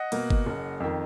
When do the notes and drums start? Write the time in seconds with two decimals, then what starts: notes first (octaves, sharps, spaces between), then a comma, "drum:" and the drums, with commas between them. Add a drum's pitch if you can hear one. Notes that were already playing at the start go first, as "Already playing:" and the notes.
Already playing: D#5 F#5
0.12 B2 A#3, drum: cymbal
0.30 drum: kick G1
0.46 F#1
0.80 F2 D#3